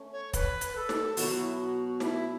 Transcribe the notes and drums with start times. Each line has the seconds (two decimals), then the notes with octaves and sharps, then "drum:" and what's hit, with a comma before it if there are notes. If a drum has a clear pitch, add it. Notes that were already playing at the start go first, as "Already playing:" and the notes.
Already playing: A3 C#4
0.12 C#5
0.34 B4, drum: kick, hi-hat
0.61 drum: hi-hat
0.76 A4
0.89 drum: snare
1.17 B2 F#3 B3 F#4, drum: open hi-hat
1.38 E4
1.58 F#4
1.80 F#4
2.00 E4, drum: snare